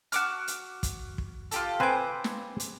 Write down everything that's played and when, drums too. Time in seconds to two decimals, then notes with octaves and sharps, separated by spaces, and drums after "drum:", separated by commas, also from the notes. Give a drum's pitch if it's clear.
0.12 F#4 D6 F6, drum: hi-hat
0.48 drum: hi-hat
0.83 drum: kick, hi-hat
1.18 drum: kick
1.51 F4 G4 A4, drum: hi-hat
1.80 C4 B4 C5 G#5 D6
2.24 drum: snare
2.60 drum: hi-hat